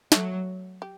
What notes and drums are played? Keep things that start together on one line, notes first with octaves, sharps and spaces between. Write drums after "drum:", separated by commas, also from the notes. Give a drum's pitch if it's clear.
F#3 A3 A4, drum: snare
G4